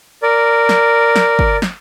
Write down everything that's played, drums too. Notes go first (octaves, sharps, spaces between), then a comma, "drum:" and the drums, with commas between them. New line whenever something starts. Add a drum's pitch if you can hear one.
A#4 D5
drum: snare
drum: snare
drum: kick G1
drum: snare